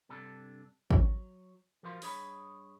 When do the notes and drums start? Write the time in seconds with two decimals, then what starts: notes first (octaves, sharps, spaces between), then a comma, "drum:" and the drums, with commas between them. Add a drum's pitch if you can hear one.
0.09 G2 C3 D4 A4
0.91 F#3, drum: kick
1.83 F3 F#4 A#4 C5 F5 C6
2.02 G2 G#4 C#5 D#5 B5, drum: open hi-hat